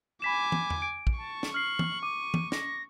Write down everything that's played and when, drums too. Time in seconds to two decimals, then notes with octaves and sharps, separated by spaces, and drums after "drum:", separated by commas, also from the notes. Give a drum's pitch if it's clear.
0.22 G#5 B5 D6 B6 E7
0.52 drum: tom
0.70 drum: tom E2
0.82 D7
1.07 drum: kick
1.18 A5 C#6
1.43 drum: snare
1.54 F6 C7 F#7
1.79 drum: tom
2.03 D6 D#7
2.34 drum: tom
2.52 A#6, drum: snare